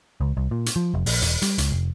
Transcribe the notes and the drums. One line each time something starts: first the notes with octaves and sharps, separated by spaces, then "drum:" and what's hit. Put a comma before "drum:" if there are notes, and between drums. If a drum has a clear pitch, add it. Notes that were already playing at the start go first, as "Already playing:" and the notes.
C#2
C2
A#2
drum: hi-hat
F3
F1
A#1, drum: open hi-hat
E1, drum: hi-hat
G3, drum: hi-hat
C#2, drum: hi-hat
F1